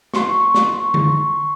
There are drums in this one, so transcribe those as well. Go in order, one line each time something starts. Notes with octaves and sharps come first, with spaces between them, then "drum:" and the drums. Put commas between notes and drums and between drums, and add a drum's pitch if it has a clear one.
C6 C#6, drum: snare
drum: snare
drum: tom D3